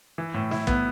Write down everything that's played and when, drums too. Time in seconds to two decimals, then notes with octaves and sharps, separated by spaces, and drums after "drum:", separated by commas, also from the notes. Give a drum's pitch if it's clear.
0.18 E3
0.34 A2
0.51 E4, drum: snare
0.67 B3, drum: kick